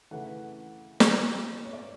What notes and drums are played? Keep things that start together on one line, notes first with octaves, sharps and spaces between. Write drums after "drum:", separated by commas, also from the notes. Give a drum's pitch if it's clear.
C#3 E3 A3 F#5
F5, drum: snare
C#5
D5